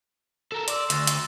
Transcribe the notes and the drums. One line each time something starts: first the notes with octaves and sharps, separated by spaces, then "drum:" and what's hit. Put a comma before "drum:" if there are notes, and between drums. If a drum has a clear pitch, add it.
A4 A#4 E7
D5 C6 D6 E6, drum: hi-hat
D2 E6 A6 A#6, drum: hi-hat
drum: hi-hat